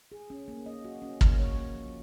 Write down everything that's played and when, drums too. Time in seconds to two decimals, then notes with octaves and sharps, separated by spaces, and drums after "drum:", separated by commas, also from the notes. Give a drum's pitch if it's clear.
0.12 G#4
0.30 C#4
0.48 A#3
0.66 D#5
0.85 F#4
1.02 C#4
1.21 A#3, drum: kick
1.39 C#5
1.58 A#3
1.75 F3